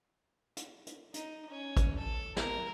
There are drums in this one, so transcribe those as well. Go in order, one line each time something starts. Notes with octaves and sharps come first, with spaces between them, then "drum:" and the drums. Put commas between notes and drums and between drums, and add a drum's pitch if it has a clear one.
drum: hi-hat
drum: hi-hat
D#4, drum: hi-hat
C#4
drum: kick, hi-hat
A4
A#4, drum: snare